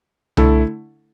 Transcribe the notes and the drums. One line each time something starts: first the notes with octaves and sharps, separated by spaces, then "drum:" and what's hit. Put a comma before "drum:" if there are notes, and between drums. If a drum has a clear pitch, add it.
D3 A3 E4 A4, drum: tom C2